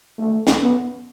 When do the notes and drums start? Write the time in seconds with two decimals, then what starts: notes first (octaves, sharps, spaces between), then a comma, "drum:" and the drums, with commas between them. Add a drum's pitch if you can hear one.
0.18 A3
0.47 drum: snare
0.62 B3